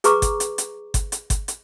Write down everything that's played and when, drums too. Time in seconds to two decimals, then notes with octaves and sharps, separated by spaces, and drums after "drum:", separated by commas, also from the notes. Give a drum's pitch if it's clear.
0.04 G#4 B4 A#5 C#6 D6, drum: hi-hat
0.22 drum: kick G1, hi-hat
0.40 drum: hi-hat
0.58 drum: hi-hat
0.94 drum: kick G1, hi-hat
1.12 drum: hi-hat
1.30 drum: kick G1, hi-hat
1.48 drum: hi-hat